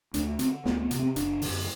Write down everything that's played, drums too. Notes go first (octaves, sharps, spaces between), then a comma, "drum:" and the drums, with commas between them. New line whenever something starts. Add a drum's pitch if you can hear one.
D2 D4, drum: hi-hat
D3 C4, drum: hi-hat
D2 B3, drum: snare
B3
C3, drum: hi-hat
C4
F#1 D4, drum: hi-hat
F#2 D3, drum: open hi-hat